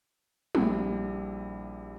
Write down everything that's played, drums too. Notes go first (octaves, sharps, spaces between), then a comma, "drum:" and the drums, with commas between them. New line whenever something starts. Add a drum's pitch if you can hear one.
A#1 G3 E4, drum: tom